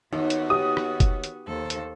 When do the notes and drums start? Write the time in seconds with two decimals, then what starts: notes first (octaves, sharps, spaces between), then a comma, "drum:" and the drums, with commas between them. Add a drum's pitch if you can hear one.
0.13 D#2 B3 D#4 F#4
0.30 drum: hi-hat
0.50 G4 D#6
0.77 drum: rim click
1.00 drum: kick F#1, hi-hat
1.24 drum: hi-hat
1.47 D#2 A4 C5
1.70 drum: hi-hat